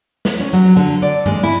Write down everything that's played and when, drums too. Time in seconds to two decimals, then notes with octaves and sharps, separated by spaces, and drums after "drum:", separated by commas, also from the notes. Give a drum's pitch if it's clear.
0.25 drum: snare
0.40 C#4
0.53 F#3
0.76 D3
1.02 D5
1.26 G#3, drum: tom G2
1.43 E4